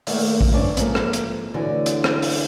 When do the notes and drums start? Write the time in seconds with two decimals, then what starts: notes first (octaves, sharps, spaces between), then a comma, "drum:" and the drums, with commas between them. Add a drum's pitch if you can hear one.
0.07 D#3 A3 A#3, drum: open hi-hat
0.41 drum: kick A#1
0.52 G2 C3 C#4 D4 D5
0.77 G#2 F3 A#3 A4, drum: hi-hat
0.95 drum: rim click
1.13 drum: hi-hat
1.54 D2 D3 E3 F#4 C#5 D5
1.86 drum: hi-hat
2.04 drum: rim click
2.22 drum: open hi-hat